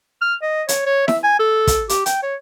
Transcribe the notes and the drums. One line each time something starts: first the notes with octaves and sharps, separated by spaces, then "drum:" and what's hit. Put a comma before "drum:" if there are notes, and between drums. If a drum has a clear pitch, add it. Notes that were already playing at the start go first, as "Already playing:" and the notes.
F6
D#5
C#5, drum: hi-hat
C#5
E5, drum: snare E4
G#5
A4
drum: kick, hi-hat
G4, drum: hi-hat
G5, drum: hi-hat
C#5